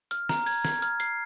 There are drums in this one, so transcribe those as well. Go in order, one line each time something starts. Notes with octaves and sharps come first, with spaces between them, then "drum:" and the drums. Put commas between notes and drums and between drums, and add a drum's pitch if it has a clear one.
F6, drum: hi-hat
A#5, drum: snare
G#6, drum: open hi-hat
G#6, drum: snare
F6, drum: hi-hat
C7, drum: hi-hat